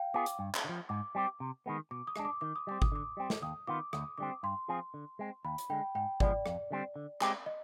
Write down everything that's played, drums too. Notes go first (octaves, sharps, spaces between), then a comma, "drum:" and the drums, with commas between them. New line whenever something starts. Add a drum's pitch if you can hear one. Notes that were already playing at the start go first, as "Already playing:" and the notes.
Already playing: F5 G5
B3 F4 G#4 D6
drum: hi-hat
G2
drum: clap
D3
F3
G#2 D6
G3 C4 G4
C3
D#3 G#3 B3
B2 D6
D#6
G#3 D4, drum: rim click
D6
D#3 D6
D#6
G3 C4 D6
D#6, drum: kick G#1
D3 D6
G3 C4
drum: snare
D#2 D#6
D#3 B3 F4 D6
D2 D#6, drum: rim click
D3 G3 C4 D6
G2 C6
F3 C4 F4 G#4
D3
G#3 C4
D#2 B5
drum: hi-hat
D3 G#3 G5
G#2 G5
F3 G#3 B3 D5, drum: kick G#1
F2, drum: rim click
D3 G3 C4
D3
G#3 C4 G4, drum: clap
D#5